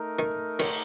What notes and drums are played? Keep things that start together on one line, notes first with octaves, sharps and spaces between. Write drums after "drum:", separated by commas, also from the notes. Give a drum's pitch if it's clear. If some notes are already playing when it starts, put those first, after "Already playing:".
Already playing: A3 D#4 A#4
D#3
D#3, drum: cymbal